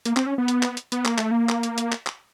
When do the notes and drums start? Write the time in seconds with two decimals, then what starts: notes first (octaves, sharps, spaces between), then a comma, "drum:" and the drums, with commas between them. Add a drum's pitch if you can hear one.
0.05 A#3, drum: hi-hat
0.16 C4, drum: clap
0.26 C#4
0.38 B3
0.48 drum: hi-hat
0.63 drum: clap
0.77 drum: hi-hat
0.92 B3, drum: hi-hat
1.05 A#3, drum: clap
1.18 A3, drum: clap
1.31 A#3
1.49 drum: clap
1.63 drum: hi-hat
1.78 drum: hi-hat
1.92 drum: clap
2.06 drum: clap